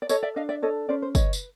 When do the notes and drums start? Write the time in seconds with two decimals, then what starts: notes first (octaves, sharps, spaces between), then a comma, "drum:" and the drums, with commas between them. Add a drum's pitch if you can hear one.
0.02 D5
0.09 A4 C#5 D#5, drum: tambourine
0.23 D5 E5
0.36 D4 D#5 F5
0.49 D5 E5
0.63 A4 C#5 D#5
0.89 C#4 C5 D5
1.02 C5
1.15 B4 C#5 D#5, drum: kick, tambourine
1.33 drum: tambourine